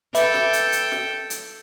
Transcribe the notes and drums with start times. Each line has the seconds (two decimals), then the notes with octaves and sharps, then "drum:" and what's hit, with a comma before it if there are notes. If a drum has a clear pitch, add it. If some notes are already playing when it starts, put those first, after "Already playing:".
0.15 A4 B4 E5 G5 B5 D6, drum: hi-hat
0.34 drum: snare
0.53 drum: hi-hat
0.72 drum: hi-hat
0.92 drum: snare
1.30 drum: hi-hat